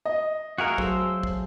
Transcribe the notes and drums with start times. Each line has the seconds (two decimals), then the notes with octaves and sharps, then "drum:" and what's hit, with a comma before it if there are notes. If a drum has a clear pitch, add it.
0.05 D#5
0.58 A3 F#4 G#4 A#4 E5 F5
0.78 F#3 G#4 A4 C5 E6, drum: kick
1.23 drum: kick